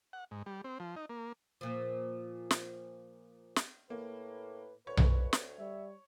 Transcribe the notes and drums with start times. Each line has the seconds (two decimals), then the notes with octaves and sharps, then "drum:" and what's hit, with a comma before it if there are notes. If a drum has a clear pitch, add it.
0.13 F#5
0.31 G#2
0.46 G3
0.64 C4
0.80 F3
0.96 D#4
1.09 A#3
1.61 A#2 F3
2.51 drum: snare
3.56 drum: snare
3.90 A2 A#3 B4
4.87 D2 B4 C#5
4.97 drum: tom B1
5.33 drum: snare
5.59 G3 E5